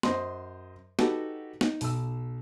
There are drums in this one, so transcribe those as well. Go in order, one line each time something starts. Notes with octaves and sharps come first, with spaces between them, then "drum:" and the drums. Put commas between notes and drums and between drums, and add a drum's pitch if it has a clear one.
F#2 C5 D#5 C6, drum: snare
D#4 F#4 G4 A4 B4, drum: snare
D#4, drum: snare
B1 E6, drum: open hi-hat